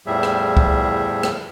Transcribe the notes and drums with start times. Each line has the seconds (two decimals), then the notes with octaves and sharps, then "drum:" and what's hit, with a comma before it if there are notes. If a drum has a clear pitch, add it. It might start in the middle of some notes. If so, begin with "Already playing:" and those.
0.06 E2 A2 F3 G3 G#4 E5
0.23 drum: rim click
0.57 drum: kick
1.23 drum: rim click